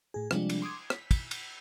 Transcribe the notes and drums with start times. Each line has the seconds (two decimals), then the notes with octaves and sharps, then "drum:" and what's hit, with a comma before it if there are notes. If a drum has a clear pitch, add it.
0.14 A2 G#4
0.31 C3 F3 G3 G#3 D4, drum: rim click
0.50 drum: cymbal
0.62 C6 D6 D#6 G#6
0.90 B6, drum: rim click
1.11 drum: kick, cymbal
1.31 drum: cymbal